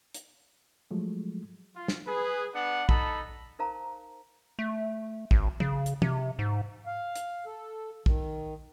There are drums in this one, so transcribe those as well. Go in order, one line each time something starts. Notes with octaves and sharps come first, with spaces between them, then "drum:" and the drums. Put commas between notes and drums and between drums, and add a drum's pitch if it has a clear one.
drum: hi-hat
F3 F#3 G#3 A3
F4
drum: snare
G#4 B4
B3 D4 F#5
D#4 A4 A5 B5, drum: kick
D#4 A#4 C5 F5 A5 A#5
A3
G#1, drum: kick
C#3, drum: tom
drum: hi-hat
C3, drum: tom
G#2
F5
drum: hi-hat
A4
D#3, drum: kick